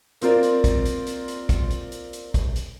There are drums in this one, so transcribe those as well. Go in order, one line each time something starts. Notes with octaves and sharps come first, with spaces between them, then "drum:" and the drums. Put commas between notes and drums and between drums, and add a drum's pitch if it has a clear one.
A#3 C4 F4 A#4 D5, drum: hi-hat
drum: hi-hat
drum: kick, hi-hat
drum: hi-hat
drum: hi-hat
drum: hi-hat
drum: kick, hi-hat
drum: hi-hat
drum: hi-hat
drum: hi-hat
drum: kick, hi-hat
drum: hi-hat